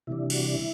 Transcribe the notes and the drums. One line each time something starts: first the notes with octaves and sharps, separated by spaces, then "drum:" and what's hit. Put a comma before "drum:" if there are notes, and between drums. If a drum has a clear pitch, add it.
C3 E3 G3 D4 E4
F#4, drum: cymbal
E4